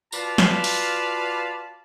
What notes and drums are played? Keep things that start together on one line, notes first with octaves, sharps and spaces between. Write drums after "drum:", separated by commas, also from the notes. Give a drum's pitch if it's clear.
F4 F#4 B4 D5 F5 A5, drum: tambourine
drum: snare
drum: open hi-hat